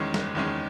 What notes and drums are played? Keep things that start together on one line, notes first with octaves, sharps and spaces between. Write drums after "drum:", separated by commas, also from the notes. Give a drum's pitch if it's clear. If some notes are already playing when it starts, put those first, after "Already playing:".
Already playing: E2 D#3 G#3 C#4
F#1, drum: snare
E2 D#3 G#3 C#4